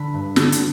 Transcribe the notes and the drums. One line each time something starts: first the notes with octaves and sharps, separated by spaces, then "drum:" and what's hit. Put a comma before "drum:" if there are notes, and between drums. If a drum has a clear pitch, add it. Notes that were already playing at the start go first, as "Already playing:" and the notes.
Already playing: D3 B5
G2
D3, drum: snare
drum: hi-hat